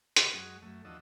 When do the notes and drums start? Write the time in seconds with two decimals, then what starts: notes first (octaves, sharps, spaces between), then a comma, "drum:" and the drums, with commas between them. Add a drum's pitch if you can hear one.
0.16 C#3 C#4 F5 C#6, drum: hi-hat
0.33 F#2 G#3 F#4 D#6
0.62 F#2 A3
0.85 E2 F3 D4 F#4 D#5 E6